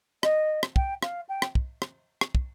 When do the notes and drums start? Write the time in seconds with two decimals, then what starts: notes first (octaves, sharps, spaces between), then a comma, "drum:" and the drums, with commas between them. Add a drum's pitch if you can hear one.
0.23 D#5, drum: rim click
0.63 drum: rim click
0.76 G5, drum: kick
1.03 F5, drum: rim click
1.29 G5
1.42 drum: rim click
1.55 drum: kick
1.82 drum: rim click
2.21 drum: rim click
2.35 drum: kick